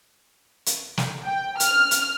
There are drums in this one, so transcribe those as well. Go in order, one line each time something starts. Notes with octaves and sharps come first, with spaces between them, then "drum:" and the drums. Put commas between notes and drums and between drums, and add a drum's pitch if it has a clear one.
drum: hi-hat
drum: snare
G5
F6, drum: hi-hat
drum: hi-hat